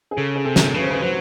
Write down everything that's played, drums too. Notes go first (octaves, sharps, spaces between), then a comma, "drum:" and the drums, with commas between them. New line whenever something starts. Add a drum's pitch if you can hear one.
G#4
C#3 A4
G#4
C3 A4
drum: snare
C#3 B4
C5
B4
F#3 C5